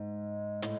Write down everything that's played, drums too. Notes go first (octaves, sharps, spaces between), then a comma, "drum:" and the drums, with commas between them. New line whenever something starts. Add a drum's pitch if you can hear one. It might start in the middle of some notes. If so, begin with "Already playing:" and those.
Already playing: G#2 G#3
A2 G#3, drum: hi-hat